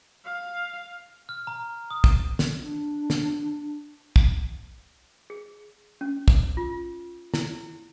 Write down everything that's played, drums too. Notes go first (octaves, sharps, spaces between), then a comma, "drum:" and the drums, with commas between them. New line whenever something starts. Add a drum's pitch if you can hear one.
F5
F6
A#5
D#6
drum: kick
drum: snare
D4
drum: snare
drum: kick
G#4
C#4
drum: kick
F4
E4, drum: snare